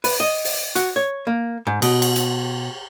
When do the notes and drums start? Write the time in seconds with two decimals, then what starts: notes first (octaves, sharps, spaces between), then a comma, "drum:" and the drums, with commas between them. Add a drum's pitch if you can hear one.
0.04 B4, drum: open hi-hat
0.20 D#5
0.45 drum: open hi-hat
0.75 F#4, drum: hi-hat
0.96 C#5
1.27 A#3
1.67 G#2
1.82 B2, drum: cymbal
2.02 drum: cymbal
2.16 drum: hi-hat